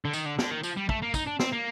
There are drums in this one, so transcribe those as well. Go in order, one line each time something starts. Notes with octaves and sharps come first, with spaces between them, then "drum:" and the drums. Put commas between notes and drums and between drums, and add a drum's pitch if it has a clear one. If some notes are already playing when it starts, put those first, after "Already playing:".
D3
D#3, drum: tambourine
D3
D3, drum: snare
D#3
F3, drum: tambourine
G3
A3, drum: kick
A#3
D#4, drum: kick, tambourine
D4
C4, drum: snare
A#3